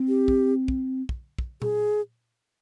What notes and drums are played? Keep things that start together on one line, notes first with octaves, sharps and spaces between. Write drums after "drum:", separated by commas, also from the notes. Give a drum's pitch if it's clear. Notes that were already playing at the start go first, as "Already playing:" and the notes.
Already playing: C4
G4
drum: kick
drum: kick
drum: kick
drum: kick
G#4, drum: tom A#2